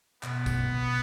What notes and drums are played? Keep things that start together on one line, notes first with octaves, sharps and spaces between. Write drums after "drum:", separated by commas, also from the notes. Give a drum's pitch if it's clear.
B2 B3, drum: clap
drum: kick, tambourine
B2